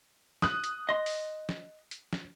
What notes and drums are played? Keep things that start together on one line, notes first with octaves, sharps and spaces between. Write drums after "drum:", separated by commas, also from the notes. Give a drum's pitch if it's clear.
D#6 F#6, drum: snare
drum: hi-hat
D#5 C6
drum: open hi-hat
drum: snare
drum: hi-hat
drum: snare